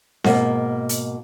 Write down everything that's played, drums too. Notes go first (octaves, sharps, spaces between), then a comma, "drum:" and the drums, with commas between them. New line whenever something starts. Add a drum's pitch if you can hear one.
G#2 B2 A#3, drum: snare C4
drum: hi-hat